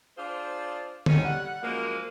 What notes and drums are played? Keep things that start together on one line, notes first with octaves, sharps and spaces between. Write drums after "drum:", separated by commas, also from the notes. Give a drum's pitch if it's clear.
D4 F4 G#4 C5
D#3 G#3 C#4 F#4 A4, drum: tom
G3 F#5
F#2 F3 G#3 A#3